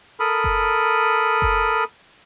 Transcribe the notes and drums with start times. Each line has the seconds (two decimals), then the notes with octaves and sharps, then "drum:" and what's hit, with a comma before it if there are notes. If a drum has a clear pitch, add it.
0.20 A4 A#4 B5 D#6
0.44 drum: kick F#1
1.42 drum: kick F#1